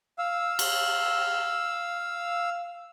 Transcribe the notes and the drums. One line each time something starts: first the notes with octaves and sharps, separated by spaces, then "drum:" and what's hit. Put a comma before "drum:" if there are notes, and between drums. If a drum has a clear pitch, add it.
F5 E6
drum: cymbal